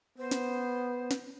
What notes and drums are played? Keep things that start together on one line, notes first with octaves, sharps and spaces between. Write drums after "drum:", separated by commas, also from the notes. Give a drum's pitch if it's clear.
B3 C5
drum: snare
drum: snare